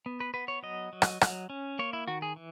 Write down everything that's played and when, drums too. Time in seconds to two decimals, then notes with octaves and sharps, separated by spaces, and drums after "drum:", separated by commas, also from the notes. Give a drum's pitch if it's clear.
0.06 B3
0.20 B4
0.34 B3 B4
0.48 C#5
0.63 F#3 D#5
0.93 F#3
1.02 drum: rim click
1.21 F#3, drum: rim click
1.50 C#4
1.79 A#3 C#5
1.93 E4
2.08 D#3 F#4
2.22 G#4
2.36 E3